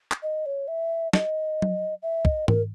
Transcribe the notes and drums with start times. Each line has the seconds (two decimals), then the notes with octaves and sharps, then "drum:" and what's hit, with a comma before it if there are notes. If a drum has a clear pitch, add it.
0.11 drum: clap
0.22 D#5
0.46 C#5
0.68 E5
1.13 D#5, drum: snare
1.62 drum: tom F#3
2.02 E5
2.25 D#5, drum: kick
2.48 A#4, drum: tom G#2